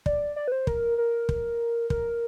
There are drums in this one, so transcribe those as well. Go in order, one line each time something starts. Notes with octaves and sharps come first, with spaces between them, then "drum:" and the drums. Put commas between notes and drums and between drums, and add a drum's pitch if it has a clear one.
D5, drum: kick
D5
B4
C5
A#4, drum: kick
A#4
drum: kick
A#4, drum: kick